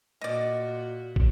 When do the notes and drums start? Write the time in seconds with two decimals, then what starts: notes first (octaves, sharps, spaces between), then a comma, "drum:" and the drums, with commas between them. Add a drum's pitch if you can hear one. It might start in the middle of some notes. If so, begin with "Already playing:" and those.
0.21 A#2 F#4 D5 D#5
1.16 drum: kick